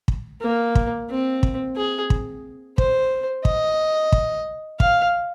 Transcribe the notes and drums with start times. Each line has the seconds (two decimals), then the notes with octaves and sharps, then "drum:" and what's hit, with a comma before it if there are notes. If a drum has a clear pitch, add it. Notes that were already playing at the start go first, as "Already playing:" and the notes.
0.08 drum: kick
0.41 A#3
0.75 drum: kick
1.09 C4
1.43 drum: kick
1.77 G#4
2.10 drum: kick
2.78 C5, drum: kick
3.45 D#5, drum: kick
4.12 drum: kick
4.80 F5, drum: kick